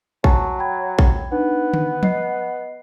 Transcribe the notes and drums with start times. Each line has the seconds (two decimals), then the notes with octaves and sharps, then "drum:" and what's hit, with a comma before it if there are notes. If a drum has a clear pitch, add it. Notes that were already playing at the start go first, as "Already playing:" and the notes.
0.24 F#3 G#5 A5 C#6, drum: kick
0.59 G5 B5 G#6
0.99 drum: kick
1.32 B3 D4 D#4 B4
1.74 drum: tom D3
2.03 D#5 F#5 C7, drum: tom F3